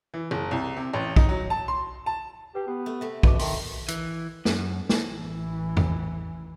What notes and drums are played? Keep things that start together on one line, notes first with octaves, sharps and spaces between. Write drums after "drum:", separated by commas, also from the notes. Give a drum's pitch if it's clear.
E3
F#1
C2
C3
A1
D#4, drum: kick
F#3
A5
C6
A5
G4 B4 G5
B3 G4
A3
C3 A3
B2 B4 D6, drum: kick
D#3 E5 A5 C6, drum: open hi-hat
E3, drum: hi-hat
F#2, drum: snare
drum: snare
A1 E3
drum: tom E2